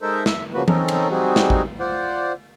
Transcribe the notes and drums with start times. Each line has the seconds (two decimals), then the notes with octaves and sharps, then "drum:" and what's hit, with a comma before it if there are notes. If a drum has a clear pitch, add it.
0.01 G#3 D#4 A4 A#4 C5 E5
0.26 E5, drum: snare
0.54 C#3 F3 F#3 A#3 F#4 B4
0.68 C4 C#4 D#4 A4 A#4, drum: tom E3
0.88 drum: cymbal
1.10 G3 C4 D#4 F#4 G#4
1.36 drum: snare
1.50 drum: kick A1
1.80 F4 C5 D5 F#5